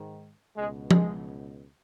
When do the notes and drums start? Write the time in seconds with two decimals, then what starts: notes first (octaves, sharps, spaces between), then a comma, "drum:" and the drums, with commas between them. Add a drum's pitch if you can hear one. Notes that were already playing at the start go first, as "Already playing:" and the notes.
Already playing: G#2 D#3
0.57 C#2 B2 G#3
0.91 G#3, drum: tom F3